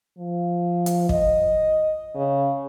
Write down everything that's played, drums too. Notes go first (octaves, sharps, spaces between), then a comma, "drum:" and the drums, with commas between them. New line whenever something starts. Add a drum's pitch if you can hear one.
F3
drum: hi-hat
D#5, drum: kick
C#3